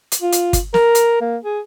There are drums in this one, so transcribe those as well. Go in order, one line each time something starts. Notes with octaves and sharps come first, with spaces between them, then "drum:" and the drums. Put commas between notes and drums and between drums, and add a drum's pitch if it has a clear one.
drum: hi-hat
F4
drum: hi-hat
drum: kick G1, hi-hat
A#4, drum: snare
drum: hi-hat
A#3
G#4